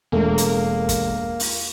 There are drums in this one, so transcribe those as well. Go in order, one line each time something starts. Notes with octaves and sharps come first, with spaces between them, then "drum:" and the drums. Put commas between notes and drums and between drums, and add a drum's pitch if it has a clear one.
E1 A3 A#3
drum: hi-hat
drum: kick, hi-hat
drum: open hi-hat